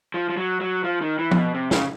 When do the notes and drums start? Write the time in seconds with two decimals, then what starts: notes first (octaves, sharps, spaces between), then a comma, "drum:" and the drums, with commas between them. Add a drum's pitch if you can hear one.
0.14 F3
0.29 F3
0.37 F#3
0.61 F#3
0.84 F3
1.01 D#3
1.19 E3
1.31 A#2, drum: tom F3
1.36 B2
1.54 C3
1.71 C#3, drum: snare